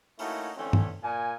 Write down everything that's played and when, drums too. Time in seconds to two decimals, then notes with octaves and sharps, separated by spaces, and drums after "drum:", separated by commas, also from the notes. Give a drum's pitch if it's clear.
0.19 A3 A#3 C#4 D#4 E4 F#4, drum: open hi-hat
0.57 D3 E3 A3 C4 C#4
0.73 drum: tom G2
1.03 A#2 G#5